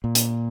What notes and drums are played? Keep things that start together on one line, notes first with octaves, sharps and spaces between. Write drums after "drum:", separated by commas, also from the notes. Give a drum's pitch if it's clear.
A#2
drum: hi-hat